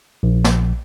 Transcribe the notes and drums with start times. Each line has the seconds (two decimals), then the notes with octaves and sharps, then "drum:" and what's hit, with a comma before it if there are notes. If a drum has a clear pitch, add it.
0.23 A#1
0.44 drum: snare